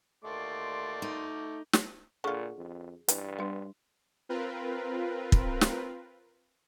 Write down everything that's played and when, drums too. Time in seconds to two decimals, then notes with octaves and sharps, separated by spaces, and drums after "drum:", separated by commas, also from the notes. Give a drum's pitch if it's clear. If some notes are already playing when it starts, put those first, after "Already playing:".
0.24 D#2 A3 D5 C6 D6
1.02 D#4
1.73 drum: snare
2.24 A#2 D3 F4 G#4 C#6
2.58 F2
3.08 G2 E3, drum: hi-hat
3.39 G3 B3 D4
4.29 C4 F4 A#4 B4
5.32 drum: kick
5.61 drum: snare